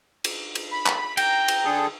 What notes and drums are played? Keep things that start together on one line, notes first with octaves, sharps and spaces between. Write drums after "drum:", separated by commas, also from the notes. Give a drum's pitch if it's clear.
drum: cymbal
drum: cymbal
B5
drum: clap
G5 A#5, drum: cymbal
drum: cymbal
D3 G#4 A4